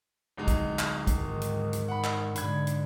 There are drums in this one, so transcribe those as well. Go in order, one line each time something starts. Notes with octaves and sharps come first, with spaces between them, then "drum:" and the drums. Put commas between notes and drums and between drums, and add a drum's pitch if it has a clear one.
D1 G#3 D#4
drum: kick, hi-hat
drum: clap
G#2 D#3, drum: kick, hi-hat
drum: hi-hat
drum: hi-hat
F#5 B5
drum: clap
G#2 D3 B5 G#6, drum: hi-hat
drum: hi-hat